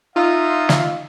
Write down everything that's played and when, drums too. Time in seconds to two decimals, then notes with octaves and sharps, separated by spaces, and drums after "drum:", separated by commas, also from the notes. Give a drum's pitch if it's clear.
0.16 D#4 F4 E5 F5
0.69 drum: snare